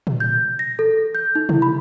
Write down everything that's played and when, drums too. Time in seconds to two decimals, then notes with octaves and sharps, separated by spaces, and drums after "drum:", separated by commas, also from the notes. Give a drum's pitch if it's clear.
0.07 drum: tom A#2
0.20 G6
0.59 A#6
0.79 A4
1.15 G6
1.35 D#4
1.49 E4, drum: tom C3
1.62 B5